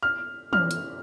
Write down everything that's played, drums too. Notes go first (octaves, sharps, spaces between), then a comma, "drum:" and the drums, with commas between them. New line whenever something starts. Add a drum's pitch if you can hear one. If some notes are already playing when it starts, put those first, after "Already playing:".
F6
F6, drum: tom E3
drum: hi-hat